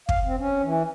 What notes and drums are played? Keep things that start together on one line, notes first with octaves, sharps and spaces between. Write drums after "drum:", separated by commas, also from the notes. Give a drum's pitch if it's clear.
F5, drum: kick
C4
C#4
E3